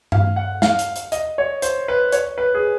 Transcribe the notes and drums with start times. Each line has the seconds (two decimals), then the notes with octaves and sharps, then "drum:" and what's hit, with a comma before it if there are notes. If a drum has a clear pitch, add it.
0.12 F5, drum: tom G2
0.36 F#5
0.62 F5, drum: snare
0.79 drum: hi-hat
0.96 drum: hi-hat
1.12 D#5, drum: hi-hat
1.38 C#5
1.62 C5, drum: hi-hat
1.88 B4
2.12 C#5, drum: hi-hat
2.38 B4
2.55 G#4